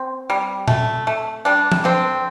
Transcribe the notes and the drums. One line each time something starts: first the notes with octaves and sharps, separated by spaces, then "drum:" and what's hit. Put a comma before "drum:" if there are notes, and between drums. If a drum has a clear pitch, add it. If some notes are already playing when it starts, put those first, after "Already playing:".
Already playing: C4
G3
A3, drum: tom A#2
A3
G3 D4
drum: tom F3
D3 C4